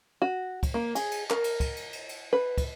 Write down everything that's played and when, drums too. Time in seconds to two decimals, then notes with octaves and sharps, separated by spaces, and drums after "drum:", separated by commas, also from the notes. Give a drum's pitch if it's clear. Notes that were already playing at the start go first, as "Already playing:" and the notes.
0.22 F#4
0.63 drum: kick, cymbal
0.74 A#3
0.95 G#4, drum: cymbal
1.12 drum: cymbal
1.30 A#4, drum: clap
1.44 drum: cymbal
1.60 drum: kick, cymbal
1.76 drum: cymbal
1.93 drum: cymbal
2.09 drum: cymbal
2.33 B4
2.58 drum: kick, cymbal